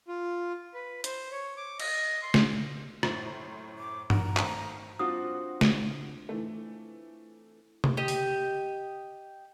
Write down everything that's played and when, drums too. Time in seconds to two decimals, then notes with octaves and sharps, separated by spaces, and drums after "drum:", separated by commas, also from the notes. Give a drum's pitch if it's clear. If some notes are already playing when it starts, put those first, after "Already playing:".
0.08 F4
0.74 B4
1.04 C5, drum: hi-hat
1.31 C#5
1.57 D6
1.80 D#5, drum: cymbal
2.22 C6
2.34 drum: snare
3.03 F#2 A2 C5, drum: rim click
3.78 D6
4.10 F#4 A#4 A#5, drum: tom G2
4.37 D#3 A3 C4, drum: clap
4.99 C4 D4 F4 F#4 D#6
5.61 drum: snare
6.29 E3 A3
7.84 drum: tom C3
7.97 G4 D#5
8.08 drum: open hi-hat